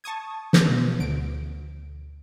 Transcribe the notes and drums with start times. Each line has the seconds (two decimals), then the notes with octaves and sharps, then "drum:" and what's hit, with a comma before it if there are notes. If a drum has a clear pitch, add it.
0.04 A5 C#6 D#6 G#6
0.53 drum: snare
0.68 B2
0.99 D2 D7